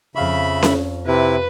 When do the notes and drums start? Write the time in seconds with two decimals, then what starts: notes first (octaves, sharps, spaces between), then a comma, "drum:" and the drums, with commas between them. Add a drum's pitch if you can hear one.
0.15 F2 C#3 E5 F5 B5 C#6
0.63 drum: snare C#4
1.07 C3 E4 B4